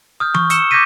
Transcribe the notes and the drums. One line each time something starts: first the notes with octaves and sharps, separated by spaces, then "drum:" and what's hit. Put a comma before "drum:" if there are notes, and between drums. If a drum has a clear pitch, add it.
D#6 F6 G6
C#6, drum: tom E3
E6 C#7 E7 G7, drum: hi-hat
D6 G6 G#6 A#6 B6 D#7